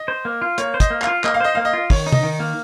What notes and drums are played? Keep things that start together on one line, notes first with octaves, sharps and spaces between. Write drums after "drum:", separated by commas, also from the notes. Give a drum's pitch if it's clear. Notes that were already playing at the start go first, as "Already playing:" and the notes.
Already playing: D#5
C5
A#3
F4
A#3 C#5, drum: hi-hat
C5
D#5, drum: kick, hi-hat
A#3
F5, drum: clap
F4
A#3 D#5, drum: clap
F5
C5 D#5
A#3 F5
D#5
F4
D#3 C#5, drum: kick, open hi-hat
D#4
D#5, drum: tom C3
D#3
A#3